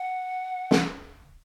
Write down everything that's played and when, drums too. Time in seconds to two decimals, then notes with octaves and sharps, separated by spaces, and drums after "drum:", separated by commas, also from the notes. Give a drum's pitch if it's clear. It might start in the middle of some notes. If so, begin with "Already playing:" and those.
Already playing: F#5
0.71 drum: snare